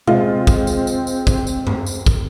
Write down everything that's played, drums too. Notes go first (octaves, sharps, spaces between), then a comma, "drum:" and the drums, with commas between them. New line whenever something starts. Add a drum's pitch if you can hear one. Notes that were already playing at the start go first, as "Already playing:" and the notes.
G#3 C4 F4, drum: tom B2
drum: kick, tambourine
drum: tambourine
drum: tambourine
drum: tambourine
drum: kick, tambourine
drum: tambourine
drum: tom F#2
drum: tambourine
drum: kick, tambourine